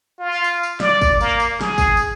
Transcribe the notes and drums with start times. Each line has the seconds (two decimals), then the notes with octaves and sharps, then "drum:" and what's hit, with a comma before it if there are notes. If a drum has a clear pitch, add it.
0.19 F4
0.44 drum: tambourine
0.63 drum: tambourine
0.80 D5, drum: snare
1.01 drum: kick, tambourine
1.21 A#3, drum: tambourine
1.40 drum: tambourine
1.61 G#4, drum: snare
1.78 drum: kick, tambourine
1.97 drum: tambourine